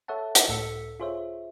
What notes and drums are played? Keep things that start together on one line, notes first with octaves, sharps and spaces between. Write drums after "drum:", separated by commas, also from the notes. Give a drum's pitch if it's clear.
A4 C#5 E5 F#5 A5
drum: hi-hat
C#2 A2 A4 E6 B6 C#7
F4 G#4 C5 C#5 E5